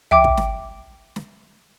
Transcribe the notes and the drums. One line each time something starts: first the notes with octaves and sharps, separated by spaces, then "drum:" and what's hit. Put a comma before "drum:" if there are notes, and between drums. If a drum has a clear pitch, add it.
E5 G5 D6, drum: tom
drum: kick
drum: snare
drum: snare